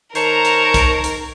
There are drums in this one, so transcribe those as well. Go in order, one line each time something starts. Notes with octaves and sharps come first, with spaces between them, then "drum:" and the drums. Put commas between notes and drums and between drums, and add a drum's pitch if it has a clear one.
D#3 A#4 C5 C#5 A5 A#5 C#6, drum: hi-hat
drum: hi-hat
drum: kick, hi-hat
drum: hi-hat